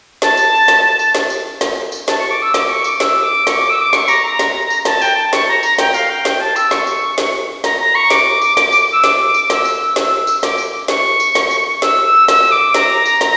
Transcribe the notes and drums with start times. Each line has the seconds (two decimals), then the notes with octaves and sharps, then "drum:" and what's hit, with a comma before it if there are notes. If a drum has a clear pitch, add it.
0.22 A5, drum: snare
0.37 drum: tambourine
0.68 drum: snare
0.99 drum: tambourine
1.15 drum: snare
1.30 drum: tambourine
1.61 drum: snare
1.92 drum: tambourine
2.08 A5, drum: snare
2.19 C#6
2.31 D6
2.42 E6
2.54 D6, drum: snare
2.69 C#6
2.84 D6, drum: tambourine
3.00 E6, drum: snare
3.23 D6
3.47 C#6, drum: snare
3.58 D6
3.70 E6
3.81 D6
3.93 C#6, drum: snare
4.08 A#5, drum: tambourine
4.23 A#5
4.39 drum: snare
4.70 drum: tambourine
4.85 A5, drum: snare
5.01 G5, drum: tambourine
5.17 A5
5.33 C#6, drum: snare
5.48 A#5
5.63 A#5, drum: tambourine
5.78 G5, drum: snare
5.94 F5, drum: tambourine
6.10 G5
6.25 G5, drum: snare
6.40 A5
6.56 E6, drum: tambourine
6.71 C#6, drum: snare
6.87 drum: tambourine
7.18 drum: snare
7.64 A#5, drum: snare
7.79 A#5
7.95 C#6
8.10 D6, drum: snare
8.41 drum: tambourine
8.57 drum: snare
8.72 drum: tambourine
8.92 E6
9.04 D6, drum: snare
9.34 drum: tambourine
9.50 E6, drum: snare
9.65 drum: tambourine
9.96 drum: snare
10.27 drum: tambourine
10.43 D6, drum: snare
10.58 drum: tambourine
10.88 C#6, drum: snare
11.20 drum: tambourine
11.35 drum: snare
11.51 drum: tambourine
11.82 E6, drum: snare
12.05 E6
12.28 E6, drum: snare
12.51 D6
12.74 A#5, drum: snare
13.05 drum: tambourine
13.21 drum: snare